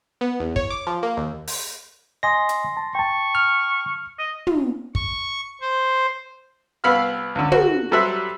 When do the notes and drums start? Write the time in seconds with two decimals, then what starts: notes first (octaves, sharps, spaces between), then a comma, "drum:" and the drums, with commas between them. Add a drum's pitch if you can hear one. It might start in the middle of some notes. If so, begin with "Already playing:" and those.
0.21 B3
0.40 E2
0.56 C#5, drum: kick
0.70 D6
0.87 F3
1.03 A#3
1.17 D#2
1.47 drum: open hi-hat
2.23 D#5 G#5 C6 D#6 A#6
2.49 drum: hi-hat
2.77 A5
2.95 G5 A5 C#6
3.35 F6
4.19 D#5
4.47 drum: tom
4.95 C#6, drum: kick
5.61 C5
6.84 C2 B3 F5 B5 E6 F6
7.35 C#2 D3
7.52 F#4, drum: tom
7.91 F#3 G3 A4 C5 E5 F#6